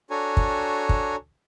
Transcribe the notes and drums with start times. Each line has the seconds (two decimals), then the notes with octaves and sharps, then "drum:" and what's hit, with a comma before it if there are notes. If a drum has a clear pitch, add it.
0.10 D4 F#4 A4 C#5 G#5 A#5
0.37 drum: kick
0.89 drum: kick